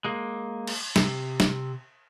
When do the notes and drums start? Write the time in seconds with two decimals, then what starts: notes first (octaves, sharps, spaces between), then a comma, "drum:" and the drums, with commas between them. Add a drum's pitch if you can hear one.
0.05 G#3 A#3
0.67 drum: cymbal
0.96 C3, drum: snare
1.40 drum: snare